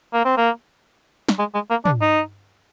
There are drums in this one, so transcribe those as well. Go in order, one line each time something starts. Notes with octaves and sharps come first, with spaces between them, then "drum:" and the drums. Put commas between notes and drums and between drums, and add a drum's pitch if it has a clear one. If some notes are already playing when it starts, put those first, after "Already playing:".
A#3
C4
A#3
drum: snare
G#3
G#3
A#3
D4, drum: tom
D#4